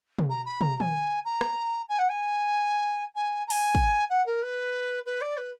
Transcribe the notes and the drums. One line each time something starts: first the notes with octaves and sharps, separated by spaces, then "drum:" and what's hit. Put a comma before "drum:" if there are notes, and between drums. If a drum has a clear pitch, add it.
drum: tom
A#5
B5
A#5, drum: tom
A#5
G#5, drum: tom
A#5
drum: rim click
G#5
F#5
G#5
G#5
A#5
G#5, drum: open hi-hat
drum: kick
F#5
A#4
B4
B4
D5
B4